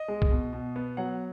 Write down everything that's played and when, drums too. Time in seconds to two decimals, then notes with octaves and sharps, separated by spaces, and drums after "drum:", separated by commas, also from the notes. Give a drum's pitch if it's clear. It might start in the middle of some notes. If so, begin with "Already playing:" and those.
Already playing: D#5
0.08 G#3
0.22 drum: kick
0.31 B2
0.53 B2
0.76 B3
0.97 F#3 F#5